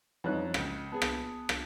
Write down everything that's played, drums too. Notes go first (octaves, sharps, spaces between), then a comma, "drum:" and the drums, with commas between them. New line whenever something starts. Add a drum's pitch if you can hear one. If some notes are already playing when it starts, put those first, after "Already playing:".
F2 E3 G3 C#4 D#4 F#6
C#2 G6, drum: rim click
B3 G#4 A5
drum: rim click
drum: rim click